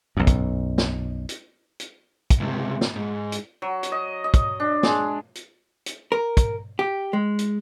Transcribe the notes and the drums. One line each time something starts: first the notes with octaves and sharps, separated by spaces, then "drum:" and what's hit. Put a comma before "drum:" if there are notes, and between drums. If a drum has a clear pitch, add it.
B1 F#2
drum: kick, hi-hat
drum: snare
drum: hi-hat
drum: hi-hat
drum: kick, hi-hat
C#2 C3
drum: snare
G#2
drum: hi-hat
F#3
drum: hi-hat
D#5
D#5
drum: kick, hi-hat
D4
G#3, drum: snare
drum: hi-hat
drum: hi-hat
A#4
drum: kick, hi-hat
G4
G#3
drum: hi-hat